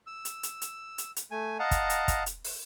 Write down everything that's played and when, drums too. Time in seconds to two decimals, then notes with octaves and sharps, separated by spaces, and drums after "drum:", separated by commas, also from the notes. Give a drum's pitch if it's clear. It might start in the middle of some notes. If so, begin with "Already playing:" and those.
0.07 E6
0.25 drum: hi-hat
0.43 drum: hi-hat
0.62 drum: hi-hat
0.98 drum: hi-hat
1.16 drum: hi-hat
1.31 A3 G#5
1.59 D#5 F5 F#5 A5 A#5
1.71 drum: kick, hi-hat
1.90 drum: hi-hat
2.08 drum: kick, hi-hat
2.26 drum: hi-hat
2.45 drum: open hi-hat